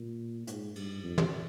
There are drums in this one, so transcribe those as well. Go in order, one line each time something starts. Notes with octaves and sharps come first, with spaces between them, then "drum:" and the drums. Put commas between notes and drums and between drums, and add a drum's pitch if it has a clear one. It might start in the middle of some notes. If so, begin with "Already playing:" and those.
Already playing: A#2
G#2, drum: hi-hat
G2, drum: cymbal
F2
drum: tom